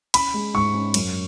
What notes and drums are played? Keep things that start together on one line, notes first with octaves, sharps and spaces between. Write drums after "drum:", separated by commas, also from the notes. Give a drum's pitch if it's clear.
C#4 B5, drum: cymbal
G#3
G#2 C#6
C#4
F#2, drum: cymbal